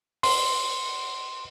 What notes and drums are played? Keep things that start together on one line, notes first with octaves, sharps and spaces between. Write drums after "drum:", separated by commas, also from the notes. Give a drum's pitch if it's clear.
C6, drum: open hi-hat